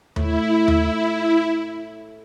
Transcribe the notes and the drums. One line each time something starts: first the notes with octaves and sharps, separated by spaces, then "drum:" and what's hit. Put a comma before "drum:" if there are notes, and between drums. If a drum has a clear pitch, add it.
A2 E4, drum: tom D#2
drum: tom D#2